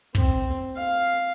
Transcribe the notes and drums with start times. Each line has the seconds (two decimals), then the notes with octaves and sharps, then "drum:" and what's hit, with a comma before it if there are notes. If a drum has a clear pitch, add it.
0.15 C4, drum: kick
0.76 F5